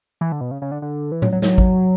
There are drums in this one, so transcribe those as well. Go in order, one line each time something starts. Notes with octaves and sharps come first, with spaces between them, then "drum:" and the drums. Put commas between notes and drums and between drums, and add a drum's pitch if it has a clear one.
E3
D3
B2
C#3
C#3
D3
D3
E3
F#3, drum: tom A2
F#3
F#3, drum: snare
drum: kick G#1